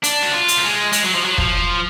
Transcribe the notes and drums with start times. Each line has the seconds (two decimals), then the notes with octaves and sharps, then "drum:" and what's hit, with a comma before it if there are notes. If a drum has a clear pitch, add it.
0.04 D4, drum: hi-hat
0.23 F#4
0.34 F4
0.48 drum: hi-hat
0.58 A3
0.63 G#3
0.93 G#3, drum: hi-hat
1.03 F#3
1.14 F3
1.25 F#3
1.38 F3, drum: kick